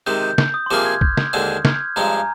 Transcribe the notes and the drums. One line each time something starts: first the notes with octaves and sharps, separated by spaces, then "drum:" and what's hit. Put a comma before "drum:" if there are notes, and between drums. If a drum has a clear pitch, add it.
C3 D#3 G#3 G6
G6
G6, drum: snare
D#6
C6
C3 F3 A#3 F4 G#4 D6
F6 G#6
G6, drum: kick
drum: snare
D#2 D3 G#3 C4
F6 G#6, drum: snare
G6
G2 F3 G#3 C4 A#5
G#5
A#5